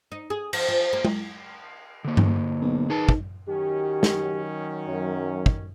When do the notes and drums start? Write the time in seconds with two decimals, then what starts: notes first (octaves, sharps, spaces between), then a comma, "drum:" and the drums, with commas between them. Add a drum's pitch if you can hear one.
0.12 D#4
0.30 G#4
0.53 F3, drum: cymbal
0.68 F3
0.93 A#3
1.05 drum: tom G#3
2.04 D3 A#3
2.17 drum: tom G2
2.62 B1
2.90 D#3 G#4 B4 A5
3.09 drum: kick
3.48 D#3 F#3 C#4 G4
4.03 drum: snare
4.87 F#2
5.46 drum: kick